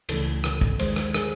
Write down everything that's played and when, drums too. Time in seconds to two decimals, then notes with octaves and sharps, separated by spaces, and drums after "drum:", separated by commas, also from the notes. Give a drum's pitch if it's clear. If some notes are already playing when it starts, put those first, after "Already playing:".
0.09 C#2 C#3 E3 A3 A4, drum: cymbal
0.44 drum: rim click
0.61 drum: kick
0.79 D#2 D#3 G#3 C5, drum: cymbal
0.96 drum: rim click
1.14 G#4, drum: rim click